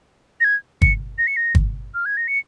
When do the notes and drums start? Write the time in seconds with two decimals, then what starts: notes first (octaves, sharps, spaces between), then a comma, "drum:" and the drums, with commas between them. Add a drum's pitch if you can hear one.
0.40 A#6
0.44 G#6
0.82 C#7, drum: kick
1.18 A#6
1.27 C#7
1.36 A#6
1.55 drum: kick
1.94 F6
2.06 G#6
2.17 A#6
2.28 C#7